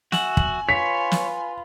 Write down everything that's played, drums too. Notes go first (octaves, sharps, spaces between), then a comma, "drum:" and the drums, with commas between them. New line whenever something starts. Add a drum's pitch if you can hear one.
F#4 E5 F#5 G#5, drum: snare
drum: kick
F4 B4 C#5 B6
drum: snare